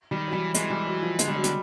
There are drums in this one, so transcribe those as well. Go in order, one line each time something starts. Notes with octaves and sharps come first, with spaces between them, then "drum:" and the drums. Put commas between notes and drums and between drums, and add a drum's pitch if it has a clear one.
D#3 G3
F#3
E3 G3
E3 G#3, drum: hi-hat
G3
F#3
F3
D3 G#3, drum: hi-hat
G3
F#3
G3, drum: hi-hat